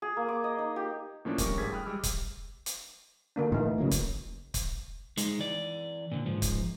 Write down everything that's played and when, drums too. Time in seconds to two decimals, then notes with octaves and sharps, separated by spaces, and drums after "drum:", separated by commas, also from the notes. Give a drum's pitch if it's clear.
0.02 G#4
0.17 A#3
0.29 D6
0.44 D#5
0.58 D#4
0.76 G4
1.25 A2 F3 A3 A#3 C#4 D4
1.38 G3 C#4 A#4 C#6 D6, drum: kick, hi-hat
1.57 G#1 G3 A3 G#4 G#6 B6
1.72 G5 B5 D#6 F6 F#6
1.85 G3 G#3 D6 E6 F6
2.03 drum: kick, hi-hat
2.66 drum: hi-hat
3.36 D3 A#3 D4
3.52 A2 E3 D#4
3.78 C#3 F#3 A#3
3.91 drum: kick, hi-hat
4.54 drum: kick, hi-hat
5.17 G#3 D#4, drum: hi-hat
5.39 E3 D5
6.12 A#2 D3
6.26 G#2 F3
6.42 drum: kick, hi-hat